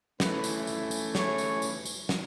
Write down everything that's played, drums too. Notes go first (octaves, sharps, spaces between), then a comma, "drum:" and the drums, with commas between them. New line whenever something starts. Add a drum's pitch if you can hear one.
E3 A3 C#4 E4 B4, drum: snare
drum: tambourine
drum: tambourine
drum: tambourine
C#5, drum: snare
drum: tambourine
drum: tambourine
drum: tambourine
drum: snare